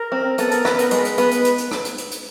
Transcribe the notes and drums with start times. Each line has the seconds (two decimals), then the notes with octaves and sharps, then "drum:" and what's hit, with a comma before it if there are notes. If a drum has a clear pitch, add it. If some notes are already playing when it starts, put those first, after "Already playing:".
Already playing: A#4
0.12 C4
0.38 B3 A4, drum: hi-hat
0.51 A#4, drum: hi-hat
0.65 B3 B4, drum: rim click
0.79 A#4, drum: hi-hat
0.91 G#3 B4, drum: hi-hat
1.05 drum: hi-hat
1.18 B3 B4, drum: hi-hat
1.31 drum: hi-hat
1.45 drum: hi-hat
1.58 drum: hi-hat
1.71 drum: rim click
1.85 drum: hi-hat
1.98 drum: hi-hat
2.11 drum: hi-hat